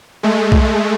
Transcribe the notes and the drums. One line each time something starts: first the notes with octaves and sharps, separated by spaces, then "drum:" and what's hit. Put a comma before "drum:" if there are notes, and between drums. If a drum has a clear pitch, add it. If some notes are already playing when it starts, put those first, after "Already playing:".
G#3 A3
drum: kick